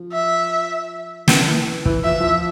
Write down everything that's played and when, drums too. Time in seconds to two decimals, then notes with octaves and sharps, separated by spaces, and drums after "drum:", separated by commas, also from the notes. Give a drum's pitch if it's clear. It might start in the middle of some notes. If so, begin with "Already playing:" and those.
Already playing: F3
0.12 E5
1.28 E3, drum: snare
1.47 E3
1.85 E3, drum: kick
2.04 F3 E5
2.21 F3